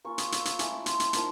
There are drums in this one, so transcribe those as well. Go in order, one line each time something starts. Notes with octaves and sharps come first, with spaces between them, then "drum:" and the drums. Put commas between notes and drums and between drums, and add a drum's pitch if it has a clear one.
A#3 C#4 F4 C#6
D#6, drum: hi-hat
E6, drum: hi-hat
D#6, drum: hi-hat
A3 C#4 E4 D6, drum: hi-hat
C6, drum: hi-hat
drum: hi-hat
F3 A#3 D#4, drum: hi-hat